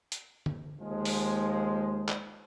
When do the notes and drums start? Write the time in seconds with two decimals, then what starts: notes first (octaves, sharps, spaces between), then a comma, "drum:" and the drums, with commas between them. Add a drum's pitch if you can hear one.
0.12 drum: hi-hat
0.46 drum: tom
0.81 D#2 F3 G#3
1.05 drum: open hi-hat
2.09 drum: clap